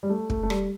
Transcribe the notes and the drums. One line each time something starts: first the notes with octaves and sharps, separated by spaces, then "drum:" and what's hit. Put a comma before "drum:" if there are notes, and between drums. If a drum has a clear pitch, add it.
G3
A3
A3, drum: kick
A3
G3, drum: rim click